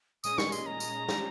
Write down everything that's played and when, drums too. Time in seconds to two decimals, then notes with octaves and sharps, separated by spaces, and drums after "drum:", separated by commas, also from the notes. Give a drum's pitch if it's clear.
0.24 A#2 G#3 C#4 G#4 D#5 D#6, drum: tambourine
0.38 C#6, drum: snare
0.52 C6, drum: tambourine
0.66 A#5
0.80 drum: tambourine
1.09 F3 G#3 C#4 G4, drum: snare